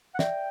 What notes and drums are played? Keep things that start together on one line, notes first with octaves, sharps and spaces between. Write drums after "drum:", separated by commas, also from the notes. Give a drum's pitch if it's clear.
F#5
D5 E5 G5, drum: snare